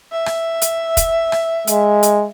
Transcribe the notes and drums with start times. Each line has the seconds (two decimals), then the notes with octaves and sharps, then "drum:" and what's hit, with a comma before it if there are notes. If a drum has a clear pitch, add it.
0.12 E5
0.26 drum: rim click
0.62 drum: hi-hat
0.97 drum: kick, hi-hat
1.32 drum: rim click
1.67 G#3, drum: hi-hat
2.03 drum: hi-hat